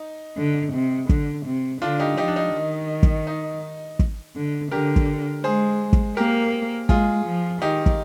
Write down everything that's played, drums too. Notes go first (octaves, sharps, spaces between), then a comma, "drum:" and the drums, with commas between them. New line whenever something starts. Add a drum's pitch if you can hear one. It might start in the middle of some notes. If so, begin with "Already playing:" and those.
Already playing: D#4
D3
C3
D3, drum: kick
C3
D3 D4 F4
D#4 G4
F3 D#4 G4
D4
D#4
D#3
drum: kick
D#4
drum: kick
D3
D3 G4 A#4
drum: kick
G#3 G#4 C5
drum: kick
A#3 G4 A#4
G#3 F4 G#4, drum: kick
F3
D#3 D#4 G4
drum: kick